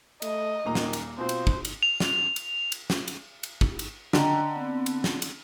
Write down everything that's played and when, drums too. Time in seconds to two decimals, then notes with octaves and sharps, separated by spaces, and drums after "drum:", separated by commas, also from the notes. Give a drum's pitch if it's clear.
0.22 A3 D#5, drum: cymbal
0.65 D#1 A#2 D#3 A#5
0.75 drum: snare
0.93 drum: cymbal
1.18 B2 C4 F4 C5
1.29 drum: cymbal
1.47 drum: kick
1.65 drum: cymbal
1.83 F7
2.00 drum: snare
2.36 drum: cymbal
2.72 drum: cymbal
2.90 drum: snare
3.08 drum: cymbal
3.43 drum: cymbal
3.61 drum: kick
3.79 drum: cymbal
4.13 D3 D#5 G5 A#5, drum: snare
4.56 B3 C4
4.86 drum: cymbal
5.04 drum: snare
5.22 drum: cymbal